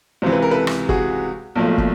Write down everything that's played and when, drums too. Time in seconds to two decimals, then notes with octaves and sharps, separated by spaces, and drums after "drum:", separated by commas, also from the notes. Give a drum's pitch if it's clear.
0.22 C#2 C3 E3 C5
0.32 B4
0.42 A#4
0.51 A4 B4
0.67 drum: rim click
0.89 F#4 G#4, drum: kick
1.55 B1 A#2 F3 A3
1.78 drum: kick